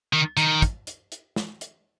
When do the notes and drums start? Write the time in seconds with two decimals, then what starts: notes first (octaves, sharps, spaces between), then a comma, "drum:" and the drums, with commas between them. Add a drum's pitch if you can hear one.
0.13 D#3
0.37 D#3, drum: hi-hat
0.62 drum: kick, hi-hat
0.87 drum: hi-hat
1.12 drum: hi-hat
1.36 drum: snare
1.61 drum: hi-hat